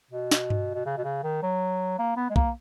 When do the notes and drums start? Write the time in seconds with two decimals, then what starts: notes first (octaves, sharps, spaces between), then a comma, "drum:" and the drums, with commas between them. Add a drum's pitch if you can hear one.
0.11 B2
0.31 drum: snare
0.50 drum: tom G2
0.74 B2
0.86 C#3
0.98 B2
1.05 C#3
1.24 D#3
1.43 F#3
1.99 A#3
2.17 B3
2.30 G#3
2.36 A#3, drum: kick